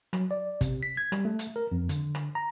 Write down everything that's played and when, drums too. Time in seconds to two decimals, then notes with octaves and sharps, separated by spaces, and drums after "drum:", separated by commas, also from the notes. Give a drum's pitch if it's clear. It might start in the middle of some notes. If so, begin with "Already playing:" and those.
0.13 F#3, drum: rim click
0.31 D5
0.61 C3, drum: kick, hi-hat
0.83 B6
0.97 G#6
1.12 G3, drum: rim click
1.25 A3
1.39 drum: hi-hat
1.56 A#4
1.72 F2
1.89 D3, drum: hi-hat
2.15 drum: rim click
2.35 A#5